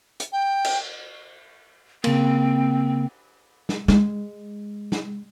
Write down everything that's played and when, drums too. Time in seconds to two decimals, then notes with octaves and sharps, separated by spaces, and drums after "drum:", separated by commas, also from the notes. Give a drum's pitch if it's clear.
0.20 drum: hi-hat
0.33 G5
0.65 drum: cymbal
2.04 C#3 A#3 C4, drum: cymbal
3.69 drum: snare
3.88 G#3, drum: snare
4.92 drum: snare